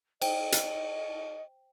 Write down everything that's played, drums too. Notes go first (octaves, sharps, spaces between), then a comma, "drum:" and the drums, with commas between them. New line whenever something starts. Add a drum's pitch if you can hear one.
C5 D#5 G5, drum: cymbal
drum: hi-hat